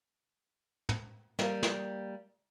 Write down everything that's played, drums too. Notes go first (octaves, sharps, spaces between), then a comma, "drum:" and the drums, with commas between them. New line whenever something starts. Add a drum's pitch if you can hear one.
drum: tom
G3 A#3, drum: snare
drum: snare